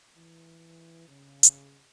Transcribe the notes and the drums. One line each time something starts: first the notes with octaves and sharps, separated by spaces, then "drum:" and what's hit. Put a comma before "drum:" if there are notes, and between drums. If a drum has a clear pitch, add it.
E3
C#3
drum: hi-hat